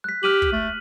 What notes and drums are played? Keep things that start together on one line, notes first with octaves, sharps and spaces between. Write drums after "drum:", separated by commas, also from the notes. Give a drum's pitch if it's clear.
F#6 B6
G4 F6 D#7 F#7
drum: kick
A3